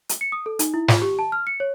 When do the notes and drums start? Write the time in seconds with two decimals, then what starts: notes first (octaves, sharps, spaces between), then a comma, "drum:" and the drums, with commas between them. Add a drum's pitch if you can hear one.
0.09 drum: hi-hat
0.21 C#7
0.32 D#6
0.46 A4
0.59 D#4, drum: hi-hat
0.74 E4
0.88 F4, drum: snare
1.02 G4
1.19 A5
1.32 F6
1.47 C#7
1.60 C#5